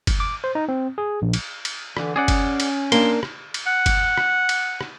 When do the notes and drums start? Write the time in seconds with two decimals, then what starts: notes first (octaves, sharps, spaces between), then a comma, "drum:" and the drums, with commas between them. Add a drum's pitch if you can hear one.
0.07 drum: kick F#1, cymbal
0.20 D6
0.44 C5
0.55 D#4
0.69 C4
0.98 G#4
1.22 A#1
1.33 drum: cymbal
1.65 drum: cymbal
1.97 D3 E3, drum: rim click
2.16 C#4 G#4 D5 F#5
2.28 drum: kick F#1, cymbal
2.60 drum: cymbal
2.92 A#3 D4 C6, drum: cymbal
3.23 drum: rim click
3.54 drum: cymbal
3.67 F#5
3.86 drum: kick F#1, cymbal
4.17 drum: rim click
4.49 drum: cymbal
4.81 drum: rim click